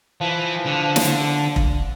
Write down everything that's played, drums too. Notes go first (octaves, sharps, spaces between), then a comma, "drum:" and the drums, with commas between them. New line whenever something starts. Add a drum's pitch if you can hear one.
E3 F3
D3
drum: snare
drum: kick F1